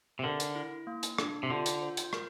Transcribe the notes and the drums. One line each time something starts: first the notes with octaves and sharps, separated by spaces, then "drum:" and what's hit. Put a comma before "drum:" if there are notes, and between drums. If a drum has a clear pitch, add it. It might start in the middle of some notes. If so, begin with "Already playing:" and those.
C3
D3 A#4
drum: hi-hat
E4
A#3
drum: hi-hat
D4, drum: rim click
C3
D3 F4
drum: hi-hat
C5
drum: hi-hat
A#4, drum: rim click